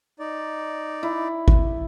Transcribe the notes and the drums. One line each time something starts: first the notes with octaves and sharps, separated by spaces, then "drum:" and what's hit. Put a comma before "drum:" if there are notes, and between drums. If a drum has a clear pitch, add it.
D#4 D5
E4
drum: kick G#1